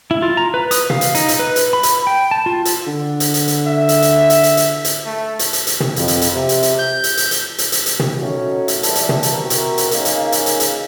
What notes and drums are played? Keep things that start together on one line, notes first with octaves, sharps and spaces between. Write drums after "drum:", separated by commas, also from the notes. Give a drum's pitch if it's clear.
E4
F4
A#5
B4
D#6, drum: hi-hat
F5, drum: tom
drum: hi-hat
D#4, drum: hi-hat
drum: hi-hat
B4
drum: hi-hat
B5
drum: hi-hat
G5
A5
F4
drum: hi-hat
D3
drum: hi-hat
drum: hi-hat
drum: hi-hat
E5
drum: hi-hat
drum: hi-hat
drum: hi-hat
drum: hi-hat
drum: hi-hat
drum: hi-hat
A3
drum: hi-hat
drum: hi-hat
drum: hi-hat
drum: tom
F2, drum: hi-hat
drum: hi-hat
drum: hi-hat
C3
drum: hi-hat
drum: hi-hat
G6
drum: hi-hat
drum: hi-hat
drum: hi-hat
drum: hi-hat
drum: hi-hat
drum: hi-hat
drum: tom
A3 C#4 D#4 F#4
drum: hi-hat
E2 G2 A#2 D4 E4 A4, drum: hi-hat
drum: hi-hat
drum: tom
drum: hi-hat
C3 F#4 A#4
drum: hi-hat
drum: hi-hat
C#3 A#3 D#4 G#4, drum: hi-hat
drum: hi-hat
drum: hi-hat
drum: hi-hat
drum: hi-hat